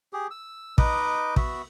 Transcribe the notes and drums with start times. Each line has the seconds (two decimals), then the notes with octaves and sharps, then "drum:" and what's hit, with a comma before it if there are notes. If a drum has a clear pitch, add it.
0.13 G4 G#4
0.31 E6
0.78 D#4 B4 D#5 D6, drum: kick
1.36 B3 F#4 E5, drum: kick